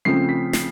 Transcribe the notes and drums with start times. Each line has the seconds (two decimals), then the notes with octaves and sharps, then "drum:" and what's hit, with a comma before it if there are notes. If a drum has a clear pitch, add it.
0.05 C#3 F3 A3 C4 C7
0.29 B6
0.53 C7, drum: snare